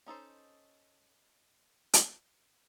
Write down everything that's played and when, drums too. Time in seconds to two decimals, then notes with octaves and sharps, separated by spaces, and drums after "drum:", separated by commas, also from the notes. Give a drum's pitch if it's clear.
0.06 C#4 D#4 A4 C5
1.93 drum: hi-hat